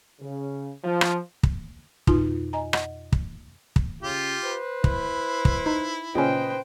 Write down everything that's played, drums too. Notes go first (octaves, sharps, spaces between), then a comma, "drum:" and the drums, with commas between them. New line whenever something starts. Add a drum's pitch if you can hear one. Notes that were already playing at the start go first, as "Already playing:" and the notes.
C#3
F3
drum: rim click
drum: kick
F2 B2 D#4 F4 F#4 C6, drum: kick
D#5 G#5 A#5
D#5 F#5, drum: rim click
drum: kick
drum: kick
C#3 F4 G4
B4 C5
E4, drum: kick
drum: kick
D#4
A#2 C#3 C#4 B4 C5 D#5 G5